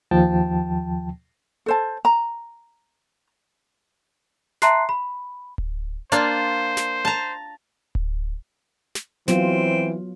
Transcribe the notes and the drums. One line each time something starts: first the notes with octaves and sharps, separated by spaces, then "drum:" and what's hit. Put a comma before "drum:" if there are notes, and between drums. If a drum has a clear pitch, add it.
D#2 F3 G5 A5
A4 C5 A5
A#5
E5 A5 A#5 C6 F#6 C7, drum: snare
B5
drum: kick D1
A#3 D4 F4 C5, drum: hi-hat
drum: snare
A5 A#5
drum: kick D1
drum: snare
E3 F#3 B3 C4 F4, drum: snare